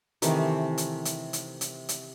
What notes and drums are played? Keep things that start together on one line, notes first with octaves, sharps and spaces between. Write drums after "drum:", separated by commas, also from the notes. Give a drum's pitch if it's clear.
C3 D#3 E3 A3, drum: hi-hat
drum: hi-hat
drum: hi-hat
drum: hi-hat
drum: hi-hat
drum: hi-hat